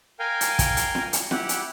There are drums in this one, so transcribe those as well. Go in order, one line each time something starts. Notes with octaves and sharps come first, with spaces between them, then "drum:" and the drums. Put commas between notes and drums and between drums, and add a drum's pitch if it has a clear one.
A#4 F5 G5 G#5
drum: hi-hat
drum: kick, hi-hat
drum: hi-hat
drum: snare
drum: hi-hat
E4 G4 F#5, drum: snare
drum: hi-hat